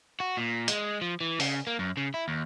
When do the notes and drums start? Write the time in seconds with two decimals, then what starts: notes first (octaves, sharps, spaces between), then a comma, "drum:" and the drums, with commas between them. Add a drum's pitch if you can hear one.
0.20 F#4
0.37 A#2
0.68 G#3, drum: hi-hat
1.02 F3
1.21 E3
1.40 C#3, drum: open hi-hat
1.67 A#3
1.79 F#2
1.97 C#3
2.14 E4
2.28 D#2